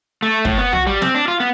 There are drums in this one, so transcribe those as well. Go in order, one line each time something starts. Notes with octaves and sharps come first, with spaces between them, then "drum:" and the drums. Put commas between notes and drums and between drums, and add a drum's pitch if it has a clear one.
A3
A2, drum: kick
B3
F#4, drum: tom
G3
C4, drum: snare
D4
F4
B3